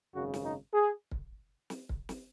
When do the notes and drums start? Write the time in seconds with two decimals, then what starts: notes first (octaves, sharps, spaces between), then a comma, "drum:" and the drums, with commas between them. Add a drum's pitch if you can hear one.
0.14 G#1 F#2 C#3 F#4
0.34 drum: snare
0.43 D#4
0.73 G#4
1.11 drum: kick
1.70 drum: snare
1.89 drum: kick
2.09 drum: snare